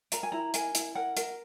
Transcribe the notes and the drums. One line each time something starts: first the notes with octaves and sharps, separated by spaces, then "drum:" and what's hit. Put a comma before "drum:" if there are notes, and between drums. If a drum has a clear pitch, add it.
A#4 A#5, drum: hi-hat
G#5
E4 A#5
A#4 G#5, drum: hi-hat
E4, drum: hi-hat
A#4 F#5
A#4, drum: hi-hat